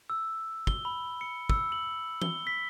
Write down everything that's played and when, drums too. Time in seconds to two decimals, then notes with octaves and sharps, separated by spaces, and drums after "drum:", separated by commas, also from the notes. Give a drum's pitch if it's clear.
0.10 E6
0.67 G7, drum: kick
0.85 B5
1.21 C#7
1.50 E6, drum: kick
1.72 F#7
2.22 G7, drum: tom E3
2.47 B6